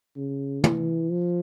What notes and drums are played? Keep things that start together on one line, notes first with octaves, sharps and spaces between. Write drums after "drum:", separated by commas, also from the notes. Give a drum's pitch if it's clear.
C#3
E3, drum: tom
F3